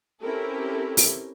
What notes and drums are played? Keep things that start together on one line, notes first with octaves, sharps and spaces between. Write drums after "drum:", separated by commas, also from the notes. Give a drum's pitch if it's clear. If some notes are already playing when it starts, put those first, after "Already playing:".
C4 C#4 E4 G4 A4 A#4
drum: open hi-hat